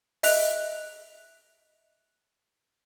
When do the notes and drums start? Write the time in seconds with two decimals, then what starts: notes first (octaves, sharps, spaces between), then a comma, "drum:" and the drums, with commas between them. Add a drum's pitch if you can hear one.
0.23 D#5 E5 F#6 F7, drum: open hi-hat